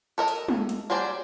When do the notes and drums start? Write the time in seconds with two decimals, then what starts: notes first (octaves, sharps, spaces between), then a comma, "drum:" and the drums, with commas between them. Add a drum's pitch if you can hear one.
0.18 A4 A#4 D#5
0.28 drum: hi-hat
0.48 drum: tom
0.69 drum: hi-hat
0.90 F#3 G3 G#4 C5 D5